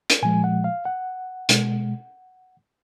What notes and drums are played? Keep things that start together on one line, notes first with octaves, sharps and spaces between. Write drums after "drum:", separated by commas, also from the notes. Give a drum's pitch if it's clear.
drum: hi-hat
A#2 F3 G#3 G#5
F#5
F5
F#5
B2 G#3, drum: hi-hat